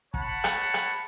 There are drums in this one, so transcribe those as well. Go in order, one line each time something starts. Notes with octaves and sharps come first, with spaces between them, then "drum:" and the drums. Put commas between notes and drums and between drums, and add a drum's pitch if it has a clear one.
C#5 F#5 A5 B5, drum: kick
drum: rim click
drum: rim click